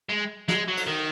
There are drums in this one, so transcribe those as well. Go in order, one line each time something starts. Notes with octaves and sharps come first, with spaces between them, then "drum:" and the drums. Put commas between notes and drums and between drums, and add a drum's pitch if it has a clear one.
G#3
G#3, drum: snare
F#3
drum: cymbal
D#3